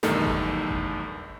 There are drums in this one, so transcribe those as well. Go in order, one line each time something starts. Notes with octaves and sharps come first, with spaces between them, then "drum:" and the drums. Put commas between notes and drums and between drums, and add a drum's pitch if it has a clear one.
B1 E2 G2 D#3 A3 A4, drum: snare
drum: kick G1
drum: kick G1